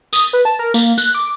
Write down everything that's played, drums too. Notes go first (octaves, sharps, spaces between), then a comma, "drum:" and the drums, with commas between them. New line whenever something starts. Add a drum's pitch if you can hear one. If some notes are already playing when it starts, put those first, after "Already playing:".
D#6, drum: tambourine
B4
A5
A#4
A#3, drum: tambourine
F#6, drum: tambourine
D6